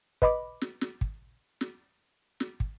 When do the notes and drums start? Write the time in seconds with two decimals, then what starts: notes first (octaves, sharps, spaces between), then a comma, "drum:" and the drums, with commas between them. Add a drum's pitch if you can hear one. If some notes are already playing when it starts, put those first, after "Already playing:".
0.22 B4 D#5 B5 D6, drum: kick
0.62 drum: snare
0.81 drum: snare
1.01 drum: kick
1.61 drum: snare
2.40 drum: snare
2.60 drum: kick